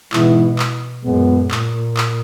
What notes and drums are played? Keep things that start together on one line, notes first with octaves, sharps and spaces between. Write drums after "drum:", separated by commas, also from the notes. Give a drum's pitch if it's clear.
G#2 B2 E3 G#3 B3 E4, drum: clap
drum: clap
F#2 A#2 G#3 B3
A#2, drum: clap
drum: clap